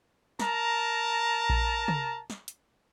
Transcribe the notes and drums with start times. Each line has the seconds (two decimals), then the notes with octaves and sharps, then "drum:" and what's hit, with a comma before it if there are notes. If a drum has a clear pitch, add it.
0.39 A#4 A5 A#5, drum: snare
1.49 drum: kick A#1
1.88 drum: tom
2.30 drum: snare
2.48 drum: hi-hat